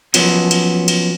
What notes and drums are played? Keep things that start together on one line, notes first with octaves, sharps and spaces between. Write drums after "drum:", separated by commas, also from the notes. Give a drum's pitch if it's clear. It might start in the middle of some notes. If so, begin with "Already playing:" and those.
F3 F#3 B3 C#4, drum: cymbal
drum: cymbal
drum: cymbal